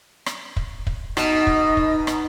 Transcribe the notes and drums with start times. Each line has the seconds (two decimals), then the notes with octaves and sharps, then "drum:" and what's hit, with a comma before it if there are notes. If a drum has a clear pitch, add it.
0.26 drum: rim click
0.56 drum: kick
0.87 drum: kick
1.17 B2 D#4 D#5, drum: rim click
1.47 drum: kick
1.77 drum: kick
2.07 drum: rim click